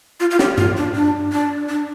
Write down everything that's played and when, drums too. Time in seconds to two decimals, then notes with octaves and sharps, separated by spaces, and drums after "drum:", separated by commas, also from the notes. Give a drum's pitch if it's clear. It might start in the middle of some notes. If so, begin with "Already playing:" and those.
0.20 F4
0.31 F4
0.39 G4, drum: snare
0.58 F4, drum: tom G2
0.77 D4
0.95 D4
1.32 D4
1.69 D4